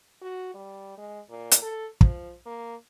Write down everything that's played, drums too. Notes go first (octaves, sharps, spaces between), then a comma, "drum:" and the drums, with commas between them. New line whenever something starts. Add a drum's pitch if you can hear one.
F#4
G3
G#3
A#2
drum: hi-hat
A4
F3, drum: kick
A#3